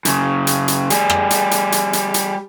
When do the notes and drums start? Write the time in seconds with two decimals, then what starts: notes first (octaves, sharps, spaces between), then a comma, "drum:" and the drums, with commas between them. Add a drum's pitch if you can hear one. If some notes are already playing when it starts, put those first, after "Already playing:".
0.05 F#2 C#3, drum: hi-hat
0.47 drum: hi-hat
0.68 drum: hi-hat
0.90 G3 G#4, drum: hi-hat
1.10 drum: rim click
1.30 drum: hi-hat
1.51 drum: hi-hat
1.72 drum: hi-hat
1.93 drum: hi-hat
2.14 drum: hi-hat